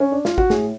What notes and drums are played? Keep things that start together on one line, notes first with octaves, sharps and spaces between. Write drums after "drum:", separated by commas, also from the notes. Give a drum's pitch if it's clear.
C#4
D4
F4, drum: snare
F#4, drum: kick G#1
A2 G#4, drum: snare